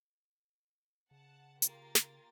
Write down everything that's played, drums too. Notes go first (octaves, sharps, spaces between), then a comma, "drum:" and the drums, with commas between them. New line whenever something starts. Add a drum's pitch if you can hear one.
C#3 F#5 A5
A#3 F4 G4 A#4 A6, drum: hi-hat
drum: snare